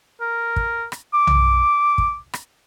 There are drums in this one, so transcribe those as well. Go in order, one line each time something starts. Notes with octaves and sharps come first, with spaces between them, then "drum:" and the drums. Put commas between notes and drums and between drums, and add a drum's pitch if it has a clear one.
A#4
drum: kick
drum: rim click
D6
drum: tom B1
drum: kick
drum: rim click